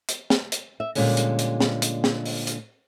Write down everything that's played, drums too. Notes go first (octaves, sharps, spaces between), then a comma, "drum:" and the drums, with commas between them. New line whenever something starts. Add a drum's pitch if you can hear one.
drum: hi-hat
drum: snare
drum: hi-hat
E5
A#2 D3 G3 G#3 C#4, drum: open hi-hat
drum: hi-hat
drum: hi-hat
drum: snare
drum: hi-hat
drum: snare
drum: open hi-hat
drum: hi-hat